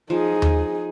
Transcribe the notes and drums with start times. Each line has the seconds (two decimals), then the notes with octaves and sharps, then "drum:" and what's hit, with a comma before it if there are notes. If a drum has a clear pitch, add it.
0.10 F3 D#4 G#4
0.42 drum: tom D#2